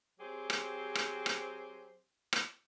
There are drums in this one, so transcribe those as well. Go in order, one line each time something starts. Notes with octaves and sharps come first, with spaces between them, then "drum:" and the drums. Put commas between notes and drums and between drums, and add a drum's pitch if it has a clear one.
F#3 C4 G4 G#4 C5
drum: rim click
drum: rim click
drum: rim click
drum: rim click